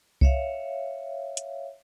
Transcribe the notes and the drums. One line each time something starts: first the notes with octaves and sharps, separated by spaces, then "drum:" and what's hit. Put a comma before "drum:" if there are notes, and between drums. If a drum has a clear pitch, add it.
C#5 E5 F5, drum: kick C2
drum: hi-hat